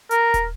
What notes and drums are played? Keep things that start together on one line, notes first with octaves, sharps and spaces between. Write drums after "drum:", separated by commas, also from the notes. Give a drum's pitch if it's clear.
A#4, drum: hi-hat
drum: kick, hi-hat